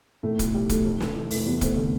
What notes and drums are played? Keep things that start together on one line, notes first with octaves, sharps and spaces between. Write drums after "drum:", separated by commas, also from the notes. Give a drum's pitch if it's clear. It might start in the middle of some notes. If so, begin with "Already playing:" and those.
A2 A3
B1, drum: kick, hi-hat
F3 G3
B1 A3, drum: kick, hi-hat
F2
F1, drum: snare
E3 A3
F1 A3, drum: open hi-hat
E2 G3 B3
F1 A3 C4, drum: kick, hi-hat
D3 A3